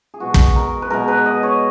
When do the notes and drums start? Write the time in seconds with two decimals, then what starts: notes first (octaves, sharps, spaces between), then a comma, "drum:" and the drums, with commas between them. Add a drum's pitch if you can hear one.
0.14 G#4
0.20 B2 G#3 F#4
0.34 drum: kick
0.56 A#4
0.82 B4
0.90 B2 G#3 A#4
1.08 B4
1.26 D#5
1.43 C#5